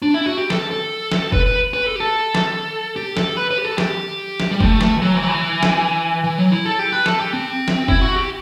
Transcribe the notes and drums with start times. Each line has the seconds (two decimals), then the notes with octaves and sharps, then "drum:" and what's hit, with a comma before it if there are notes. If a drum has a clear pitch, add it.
0.02 D4
0.14 E4
0.26 F#4
0.38 G4
0.50 A4, drum: snare
0.71 A4
1.12 drum: snare
1.32 B4, drum: kick F#1
1.46 B4
1.74 B4
1.86 A4
1.95 G4
2.00 A4
2.35 drum: snare
2.96 G4
3.17 A4, drum: snare
3.37 B4
3.51 B4
3.58 G4
3.65 A4
3.78 G4, drum: snare
4.40 drum: snare
4.51 G3
4.60 A3, drum: kick F#1
4.81 drum: snare
4.97 E3
5.02 F#3
5.15 E3
5.23 F#3
5.29 E3
5.63 drum: snare
6.24 E3
6.38 F#3
6.52 E4
6.65 A4
6.79 G4
6.92 B4
7.06 A4, drum: snare
7.19 G4
7.33 C4
7.68 drum: snare
7.88 E4, drum: kick F#1
8.02 F#4
8.15 G4